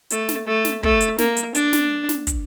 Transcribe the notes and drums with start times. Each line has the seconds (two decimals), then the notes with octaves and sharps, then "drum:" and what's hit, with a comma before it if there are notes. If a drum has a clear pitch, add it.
0.11 A3, drum: hi-hat
0.29 drum: snare
0.47 A3
0.65 drum: snare
0.83 A3, drum: kick
1.01 drum: hi-hat
1.18 A#3, drum: snare
1.37 drum: hi-hat
1.55 D4, drum: hi-hat
1.73 drum: snare
2.09 drum: snare
2.27 drum: kick, hi-hat